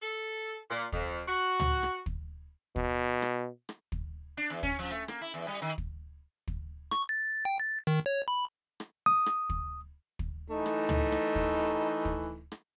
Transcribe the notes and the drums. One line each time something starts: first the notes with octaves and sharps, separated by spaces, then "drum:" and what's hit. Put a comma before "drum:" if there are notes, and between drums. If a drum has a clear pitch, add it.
A4
A#2
F2, drum: kick
F#4
drum: tom
drum: rim click
drum: kick
B2, drum: kick
drum: rim click
drum: rim click
drum: kick
D4
E2
C#4, drum: kick
F3
A3
A#3, drum: rim click
E4
E2
G3
D#3
drum: kick
drum: kick
C#6, drum: rim click
A6
G5
A6
D#3
C#5
B5
drum: rim click
D#6
drum: rim click
drum: kick
drum: kick
E3 A3 D#4
drum: rim click
drum: tom
drum: rim click
drum: kick
drum: kick
drum: rim click